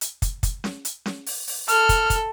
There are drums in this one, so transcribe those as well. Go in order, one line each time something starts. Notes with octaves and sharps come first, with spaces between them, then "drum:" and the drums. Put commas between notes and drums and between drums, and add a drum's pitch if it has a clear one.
drum: hi-hat
drum: kick, hi-hat
drum: kick, hi-hat
drum: snare C#4
drum: hi-hat
drum: snare C#4
drum: open hi-hat
drum: open hi-hat
A4 F6, drum: hi-hat
drum: kick, hi-hat
drum: kick, hi-hat